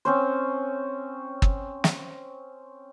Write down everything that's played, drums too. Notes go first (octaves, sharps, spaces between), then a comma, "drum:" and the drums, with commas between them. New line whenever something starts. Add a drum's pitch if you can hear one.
C4 C#4 C5
drum: kick
drum: snare